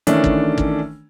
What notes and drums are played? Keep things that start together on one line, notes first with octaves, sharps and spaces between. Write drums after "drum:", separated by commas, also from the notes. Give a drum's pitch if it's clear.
D#3 E3 A3 C#4 D4, drum: hi-hat
drum: kick
drum: kick